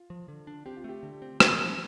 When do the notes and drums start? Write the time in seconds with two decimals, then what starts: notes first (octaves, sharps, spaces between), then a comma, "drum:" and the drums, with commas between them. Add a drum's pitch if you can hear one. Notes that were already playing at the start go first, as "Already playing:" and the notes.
Already playing: F4
0.10 F3
0.28 D3
0.47 D4
0.65 C4 G4
0.77 F4
0.84 A3 G4
1.03 D3
1.22 C4
1.40 C4, drum: rim click
1.59 F3